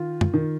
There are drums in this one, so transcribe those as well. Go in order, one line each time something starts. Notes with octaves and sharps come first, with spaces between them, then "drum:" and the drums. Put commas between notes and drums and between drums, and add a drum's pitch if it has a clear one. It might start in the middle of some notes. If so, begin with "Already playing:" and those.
Already playing: D#3 F4
drum: tom
D#3